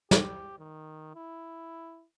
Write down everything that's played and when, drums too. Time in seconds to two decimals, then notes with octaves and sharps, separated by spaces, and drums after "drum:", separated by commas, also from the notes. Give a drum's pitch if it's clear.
0.11 G4, drum: snare
0.59 D#3
1.15 E4